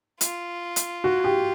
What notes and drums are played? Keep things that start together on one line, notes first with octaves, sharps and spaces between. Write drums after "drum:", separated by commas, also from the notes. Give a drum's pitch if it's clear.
F4, drum: hi-hat
drum: hi-hat
F#4
G4